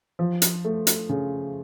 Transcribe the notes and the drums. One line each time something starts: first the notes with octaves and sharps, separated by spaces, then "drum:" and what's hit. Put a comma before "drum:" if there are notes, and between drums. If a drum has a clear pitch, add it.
F3
drum: hi-hat
A3
drum: hi-hat
C#3